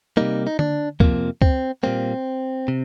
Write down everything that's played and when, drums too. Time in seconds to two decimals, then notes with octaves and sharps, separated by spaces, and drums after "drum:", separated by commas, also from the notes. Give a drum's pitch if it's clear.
0.17 C3 G3 A#3 D#4
0.47 D#4
0.59 D4, drum: tom D3
1.00 F2 C3 F3 A#3, drum: kick C#2
1.42 C4, drum: kick C#2
1.83 A#2 G3 A#3 C4
2.68 C3